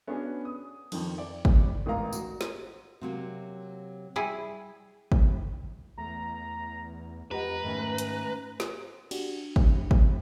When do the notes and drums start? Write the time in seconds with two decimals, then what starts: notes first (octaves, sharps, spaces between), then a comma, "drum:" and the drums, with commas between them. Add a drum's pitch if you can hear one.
0.07 B3 C#4 D4 F#4 G#4
0.45 D#6
0.92 F2 D#3 F3, drum: cymbal
1.18 D5
1.45 drum: kick
1.86 A1 G#2 A#3 D5 F5 A#5
2.13 F#4, drum: tambourine
2.41 drum: snare
3.01 C3 F#3 A#3
4.16 G3 E4 G#4
5.12 drum: kick
5.98 E2 A3 A#5
7.31 F2 G4 B4 D#5 F#5 A#5
7.63 G#2 D#3 A3 C#4
7.98 drum: hi-hat
8.60 drum: snare
9.11 D4 F#4 G4, drum: cymbal
9.56 drum: kick
9.91 drum: kick